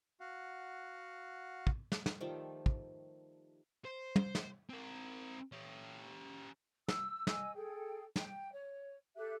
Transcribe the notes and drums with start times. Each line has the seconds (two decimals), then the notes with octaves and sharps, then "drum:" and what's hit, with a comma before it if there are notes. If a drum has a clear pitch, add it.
0.20 F#4 F5 F#5
1.67 drum: kick
1.92 drum: snare
2.06 drum: snare
2.21 D#3 F3 G3 A3
2.66 drum: kick
3.85 C5
4.16 drum: tom
4.35 drum: snare
4.70 C4 A#4
5.52 C#4 G4
6.88 E6, drum: snare
7.27 D#5 G#5 E6, drum: snare
7.54 G#4 A4 G5
8.16 G5, drum: snare
8.52 C#5
9.16 G4 A4 E5 F#6